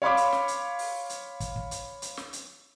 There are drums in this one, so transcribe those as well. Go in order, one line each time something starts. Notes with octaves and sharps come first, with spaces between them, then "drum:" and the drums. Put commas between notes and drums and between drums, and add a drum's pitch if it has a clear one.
C#5 F5 B5 C6 D6
drum: hi-hat
drum: snare
drum: hi-hat
drum: open hi-hat
drum: hi-hat
drum: kick, hi-hat
drum: kick
drum: hi-hat
drum: hi-hat
drum: snare
drum: hi-hat